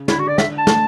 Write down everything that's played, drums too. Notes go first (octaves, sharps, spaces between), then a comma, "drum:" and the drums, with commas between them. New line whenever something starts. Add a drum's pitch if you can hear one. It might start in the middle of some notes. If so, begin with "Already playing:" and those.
Already playing: C#3
D3 E4, drum: snare
F#4
D5
E5, drum: snare
A5
A3, drum: snare